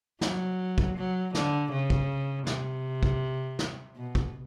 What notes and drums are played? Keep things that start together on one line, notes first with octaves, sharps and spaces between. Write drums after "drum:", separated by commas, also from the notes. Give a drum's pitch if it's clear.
F#3, drum: snare
drum: kick
F#3
D3, drum: snare
C#3
drum: kick
C3, drum: snare
drum: kick
drum: snare
B2
drum: kick